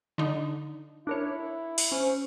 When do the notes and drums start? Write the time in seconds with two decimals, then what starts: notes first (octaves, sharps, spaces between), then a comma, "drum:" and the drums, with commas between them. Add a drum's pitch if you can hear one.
0.18 D3 D#4
1.07 D4 E4 A#4 C#5
1.78 drum: open hi-hat
1.92 C#4 C5